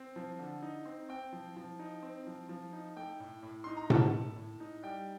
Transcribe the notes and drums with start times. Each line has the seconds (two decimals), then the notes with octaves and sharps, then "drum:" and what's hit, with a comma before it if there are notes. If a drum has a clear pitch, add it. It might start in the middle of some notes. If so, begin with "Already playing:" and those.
Already playing: C4
0.16 F3
0.39 D3
0.62 D#4
0.85 C4
1.09 C4 G5
1.33 F3
1.57 F3
1.79 D#4
2.03 C4
2.27 F3
2.49 F3
2.73 D#4
2.96 A3 G5
3.20 A2
3.43 A2
3.64 D#4 C6
3.77 A#5
3.90 A3 A5, drum: tom A2
4.14 A2
4.36 A2
4.60 D#4
4.83 G3 G5